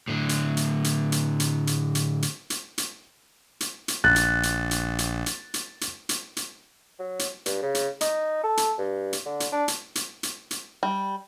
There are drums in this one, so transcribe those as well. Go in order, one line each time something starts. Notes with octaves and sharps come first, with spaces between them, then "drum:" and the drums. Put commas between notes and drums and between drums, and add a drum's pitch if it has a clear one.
A2 D3
drum: hi-hat
drum: hi-hat
drum: hi-hat
drum: hi-hat
drum: hi-hat
drum: hi-hat
drum: hi-hat
drum: hi-hat
drum: hi-hat
drum: hi-hat
drum: hi-hat
drum: hi-hat
A#1 F#6 A6
drum: hi-hat
drum: hi-hat
drum: hi-hat
drum: hi-hat
drum: hi-hat
drum: hi-hat
drum: hi-hat
drum: hi-hat
drum: hi-hat
F#3
drum: hi-hat
G2, drum: hi-hat
C#3
drum: hi-hat
D#4, drum: hi-hat
A4
drum: hi-hat
G2
drum: hi-hat
D3
drum: hi-hat
D4
drum: hi-hat
drum: hi-hat
drum: hi-hat
drum: hi-hat
G3